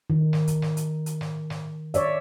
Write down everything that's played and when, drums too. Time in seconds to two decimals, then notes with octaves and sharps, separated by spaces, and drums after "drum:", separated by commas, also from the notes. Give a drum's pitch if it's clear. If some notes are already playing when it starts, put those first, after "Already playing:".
0.10 D#3
0.33 drum: snare
0.47 drum: kick, hi-hat
0.62 drum: snare
0.77 drum: hi-hat
1.06 drum: hi-hat
1.21 drum: snare
1.50 drum: snare
1.94 C#5 D5 E5, drum: hi-hat